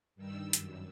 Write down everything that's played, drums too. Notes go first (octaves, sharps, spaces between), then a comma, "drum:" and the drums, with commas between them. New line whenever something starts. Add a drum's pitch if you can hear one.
G2 D#3 G3 E6
F#2, drum: hi-hat